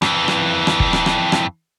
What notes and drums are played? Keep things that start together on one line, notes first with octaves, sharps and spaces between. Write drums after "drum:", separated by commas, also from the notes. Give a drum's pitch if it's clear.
F2 E3, drum: rim click
drum: rim click
drum: rim click
drum: kick
drum: rim click
drum: rim click
drum: rim click